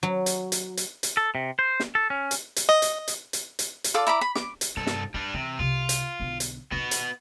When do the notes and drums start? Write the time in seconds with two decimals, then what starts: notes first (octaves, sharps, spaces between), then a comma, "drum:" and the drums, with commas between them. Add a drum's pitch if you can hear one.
0.03 F#3
0.26 drum: hi-hat
0.52 drum: hi-hat
0.77 drum: hi-hat
1.03 drum: hi-hat
1.17 A4
1.35 C3
1.59 C5
1.80 drum: snare
1.95 A4
2.10 C#4
2.31 drum: hi-hat
2.56 drum: hi-hat
2.69 D#5
2.82 drum: hi-hat
3.08 drum: hi-hat
3.33 drum: hi-hat
3.59 drum: hi-hat
3.84 drum: hi-hat
3.94 F4 A4 D5 D6
4.07 E4 A#5 B5 D6
4.21 B5
4.35 D6, drum: snare
4.61 drum: hi-hat
4.77 C2 G2 A4
4.87 drum: snare
5.14 G3 D4 F4
5.34 C3 E3
5.59 C2 C3 F4
5.89 drum: hi-hat
6.20 B1 D3
6.40 drum: hi-hat
6.72 D3 D#3 B3 F#4
6.91 drum: hi-hat